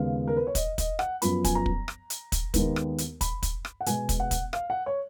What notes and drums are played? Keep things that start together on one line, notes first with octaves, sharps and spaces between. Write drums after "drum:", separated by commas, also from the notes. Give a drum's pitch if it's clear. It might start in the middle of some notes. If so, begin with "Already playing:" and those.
Already playing: D#2 C#3 G#3 B3 F5
A#4
B4
C#5
D#5, drum: kick, hi-hat
D#5, drum: kick, hi-hat
F#5, drum: rim click
F#2 F3 B3 B5, drum: hi-hat
G#5, drum: kick, hi-hat
A#5
drum: kick
drum: rim click
drum: hi-hat
drum: kick, hi-hat
D#2 D#3 G#3 B3, drum: kick, hi-hat
drum: rim click
drum: hi-hat
B5, drum: kick, hi-hat
drum: kick, hi-hat
drum: rim click
F#5
B2 G#3 B3 G#5, drum: hi-hat
drum: kick, hi-hat
F#5
drum: kick, hi-hat
F5, drum: rim click
F#5
C#5